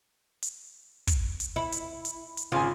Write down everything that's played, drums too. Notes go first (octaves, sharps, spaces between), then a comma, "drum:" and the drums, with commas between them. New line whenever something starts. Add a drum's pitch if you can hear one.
drum: hi-hat
drum: kick, hi-hat
drum: hi-hat
E4
drum: hi-hat
drum: hi-hat
drum: hi-hat
G#1 C#3 F4 G#5